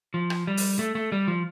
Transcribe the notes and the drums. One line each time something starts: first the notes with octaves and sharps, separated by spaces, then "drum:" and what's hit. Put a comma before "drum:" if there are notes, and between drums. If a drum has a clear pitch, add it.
F3
drum: rim click
G3
drum: open hi-hat
A3
A3
G3
F3